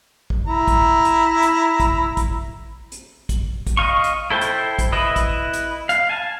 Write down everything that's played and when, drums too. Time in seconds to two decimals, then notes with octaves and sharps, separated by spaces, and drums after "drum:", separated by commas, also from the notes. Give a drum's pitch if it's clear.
0.30 drum: kick
0.46 E4 A#5
0.68 drum: kick, hi-hat
1.05 drum: hi-hat
1.42 drum: hi-hat
1.80 drum: kick, hi-hat
2.17 drum: kick, hi-hat
2.92 drum: hi-hat
3.29 drum: kick, hi-hat
3.67 drum: kick, hi-hat
3.77 D#5 F5 C#6
4.04 drum: hi-hat
4.30 E4 A4 C5 G5 A5
4.41 drum: hi-hat
4.79 drum: kick, hi-hat
4.92 E4 B4 D#5
5.16 drum: kick, hi-hat
5.53 drum: hi-hat
5.89 F5, drum: hi-hat
6.09 G#5 A5